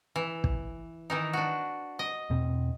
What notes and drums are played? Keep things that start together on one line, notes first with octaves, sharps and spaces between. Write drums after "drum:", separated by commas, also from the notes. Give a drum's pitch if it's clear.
E3
drum: kick
D#3 E3 D#4
D4 F#4
D#5
E2 B2 C4